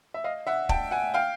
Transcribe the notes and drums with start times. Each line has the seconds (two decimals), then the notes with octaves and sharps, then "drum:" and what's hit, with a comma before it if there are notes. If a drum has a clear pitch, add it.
0.14 E5
0.24 D#5 F5
0.47 E5 F#5
0.69 G5 A5, drum: kick
0.91 F#5 G#5
1.14 F5 G5